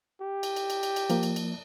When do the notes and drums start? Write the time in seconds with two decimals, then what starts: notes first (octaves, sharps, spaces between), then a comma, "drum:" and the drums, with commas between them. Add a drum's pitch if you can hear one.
0.21 G4
0.43 drum: cymbal
0.56 drum: cymbal
0.70 drum: cymbal
0.83 drum: cymbal
0.96 drum: cymbal
1.10 F3 A#3, drum: cymbal
1.23 drum: cymbal
1.36 drum: cymbal